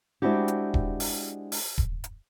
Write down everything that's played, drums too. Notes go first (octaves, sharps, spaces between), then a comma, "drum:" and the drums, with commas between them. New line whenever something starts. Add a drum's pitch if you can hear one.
G#3 C4 D4 E4 F#4 G4
drum: hi-hat
drum: kick D#1
drum: open hi-hat
drum: open hi-hat
drum: kick D#1
drum: hi-hat